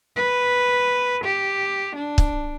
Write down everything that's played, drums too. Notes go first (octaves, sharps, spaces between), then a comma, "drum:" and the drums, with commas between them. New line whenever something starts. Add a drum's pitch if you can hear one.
B4
G4
D4
drum: kick